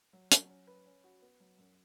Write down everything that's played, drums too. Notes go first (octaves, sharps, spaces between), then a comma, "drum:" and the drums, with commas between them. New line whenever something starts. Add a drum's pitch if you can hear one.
F#3
F#3, drum: hi-hat
C#4
B4
C#4
F#4
B3
F#3
F#2